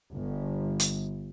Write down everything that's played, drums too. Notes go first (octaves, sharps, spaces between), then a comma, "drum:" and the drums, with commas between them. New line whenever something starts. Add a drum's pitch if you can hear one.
G1
drum: hi-hat